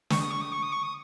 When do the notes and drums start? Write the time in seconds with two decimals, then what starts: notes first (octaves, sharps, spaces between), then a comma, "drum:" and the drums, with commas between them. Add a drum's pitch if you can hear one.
0.10 C#6, drum: snare
0.20 D#6
0.30 C#6
0.41 D#6
0.52 C#6
0.62 D#6
0.72 C#6
0.83 D#6